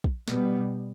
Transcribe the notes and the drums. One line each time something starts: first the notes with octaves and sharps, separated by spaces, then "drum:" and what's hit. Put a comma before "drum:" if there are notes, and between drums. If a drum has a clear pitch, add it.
drum: kick
B2 G3 B3, drum: snare